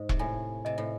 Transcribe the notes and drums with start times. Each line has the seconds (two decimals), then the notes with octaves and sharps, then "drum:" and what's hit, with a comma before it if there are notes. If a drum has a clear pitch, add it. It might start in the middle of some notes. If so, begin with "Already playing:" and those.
Already playing: G#2 C5
0.09 C3, drum: kick E1
0.19 A2 G#5
0.65 C3 D#5
0.78 A2